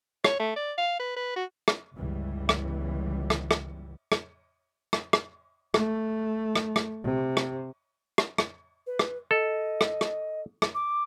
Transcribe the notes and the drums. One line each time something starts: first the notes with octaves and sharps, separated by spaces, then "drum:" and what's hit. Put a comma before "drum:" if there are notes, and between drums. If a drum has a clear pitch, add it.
C#5, drum: rim click
A3
D5
F5
B4
B4
F#4
drum: rim click
G1 C#2 E3 G3
drum: rim click
drum: rim click
drum: rim click
drum: rim click
drum: rim click
drum: rim click
A3, drum: rim click
drum: rim click
drum: rim click
C3
drum: rim click
drum: rim click
drum: rim click
B4
drum: rim click
A4 D#5
drum: rim click
drum: rim click
drum: rim click
D6